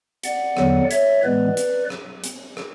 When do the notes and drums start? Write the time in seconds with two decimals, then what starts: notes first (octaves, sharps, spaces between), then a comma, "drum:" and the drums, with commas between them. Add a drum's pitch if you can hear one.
0.23 D5 F#5, drum: hi-hat
0.57 E2 D3 F#3 B3, drum: rim click
0.91 C#5 E5, drum: hi-hat
1.24 A2 E3 G#3 B3 B4 D5
1.57 drum: hi-hat
1.90 drum: rim click
2.24 drum: hi-hat
2.57 drum: rim click